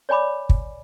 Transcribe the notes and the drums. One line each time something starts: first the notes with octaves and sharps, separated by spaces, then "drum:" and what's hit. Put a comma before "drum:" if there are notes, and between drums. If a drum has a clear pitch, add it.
C#5 D5 G#5 B5 D6
drum: kick